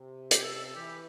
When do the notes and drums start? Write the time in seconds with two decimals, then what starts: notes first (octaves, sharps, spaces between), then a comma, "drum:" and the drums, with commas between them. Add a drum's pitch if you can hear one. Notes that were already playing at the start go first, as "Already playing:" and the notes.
Already playing: C3
0.31 G4, drum: hi-hat
0.43 A4
0.54 A4
0.64 A4
0.75 E3 G4